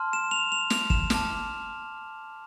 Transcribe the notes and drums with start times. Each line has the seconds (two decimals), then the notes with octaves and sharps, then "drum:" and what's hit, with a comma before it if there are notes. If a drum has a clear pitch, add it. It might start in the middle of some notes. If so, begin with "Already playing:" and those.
Already playing: A5 C6 F6
0.13 E7
0.31 F7
0.52 F7
0.70 F7, drum: snare
0.90 E7, drum: kick
1.10 A5 D6 F6, drum: snare